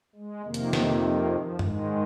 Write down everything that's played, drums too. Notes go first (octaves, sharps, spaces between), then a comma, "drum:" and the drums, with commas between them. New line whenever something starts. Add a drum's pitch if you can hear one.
G#3
F2 C3 D#3 A#3
drum: hi-hat
A#3, drum: snare
A#3
F3
G#2 D#3 G#3, drum: tom F#2